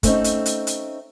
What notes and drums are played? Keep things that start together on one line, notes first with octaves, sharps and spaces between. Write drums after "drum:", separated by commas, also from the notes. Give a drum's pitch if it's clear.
A3 C4 C#4 D#4, drum: kick, hi-hat
drum: hi-hat
drum: hi-hat
drum: hi-hat